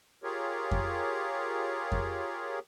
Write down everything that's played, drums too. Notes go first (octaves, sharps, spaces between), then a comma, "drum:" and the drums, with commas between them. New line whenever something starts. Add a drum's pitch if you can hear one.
F4 G4 G#4 A#4 C#5
drum: kick F2
drum: kick F2